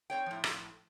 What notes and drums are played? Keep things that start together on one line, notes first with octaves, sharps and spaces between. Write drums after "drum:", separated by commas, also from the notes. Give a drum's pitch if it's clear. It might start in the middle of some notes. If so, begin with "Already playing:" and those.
C4 C#5 G5
A2 F3
drum: rim click